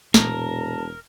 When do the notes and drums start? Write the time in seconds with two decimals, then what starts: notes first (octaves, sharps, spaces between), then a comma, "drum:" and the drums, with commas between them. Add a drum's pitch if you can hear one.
0.14 E1 A#2 E3 A#4 A5, drum: snare